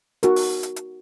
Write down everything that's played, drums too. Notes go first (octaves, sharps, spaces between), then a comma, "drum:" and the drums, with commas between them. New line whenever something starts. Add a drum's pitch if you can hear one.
D#4 F#4 A#4, drum: hi-hat
drum: open hi-hat
drum: hi-hat
drum: hi-hat